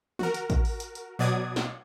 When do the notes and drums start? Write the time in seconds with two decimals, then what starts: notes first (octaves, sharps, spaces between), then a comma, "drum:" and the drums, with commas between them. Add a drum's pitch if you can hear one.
0.19 F#4 A#4, drum: tom
0.34 drum: hi-hat
0.50 drum: kick, hi-hat
0.65 drum: open hi-hat
0.80 drum: hi-hat
0.95 drum: hi-hat
1.19 B2 F#3 D5 D#6 G#6
1.56 drum: snare